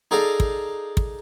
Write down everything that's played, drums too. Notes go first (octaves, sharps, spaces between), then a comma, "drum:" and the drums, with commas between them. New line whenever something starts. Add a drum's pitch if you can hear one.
D#4 G#4 A4 D5 D#5 F5
drum: kick
drum: kick